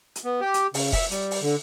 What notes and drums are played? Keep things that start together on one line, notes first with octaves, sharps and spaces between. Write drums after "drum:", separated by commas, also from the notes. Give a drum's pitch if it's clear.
drum: hi-hat
B3
G4
drum: hi-hat
C#3, drum: open hi-hat
E5, drum: kick F1, open hi-hat
G3, drum: hi-hat
drum: open hi-hat
D3